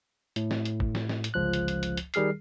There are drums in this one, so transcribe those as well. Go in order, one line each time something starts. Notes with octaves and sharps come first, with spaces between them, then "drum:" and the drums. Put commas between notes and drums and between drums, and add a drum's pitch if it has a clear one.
A2, drum: hi-hat
drum: snare
drum: hi-hat
drum: kick
drum: snare
drum: snare
drum: hi-hat
G1 C#2 F3 F#6
drum: hi-hat
drum: hi-hat
drum: hi-hat
drum: hi-hat
D#3 G3 G#4 F6 C7, drum: hi-hat